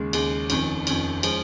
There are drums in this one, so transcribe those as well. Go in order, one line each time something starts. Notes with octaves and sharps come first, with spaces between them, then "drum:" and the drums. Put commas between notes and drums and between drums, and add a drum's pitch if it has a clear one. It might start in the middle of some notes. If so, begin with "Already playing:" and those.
Already playing: D#2 C#3 G#3
D#2 C#3 G#3, drum: cymbal
F1 F2 D#3 C#4, drum: cymbal
F1 F2 D#3 C#4, drum: cymbal
F3 G#3 C#4, drum: cymbal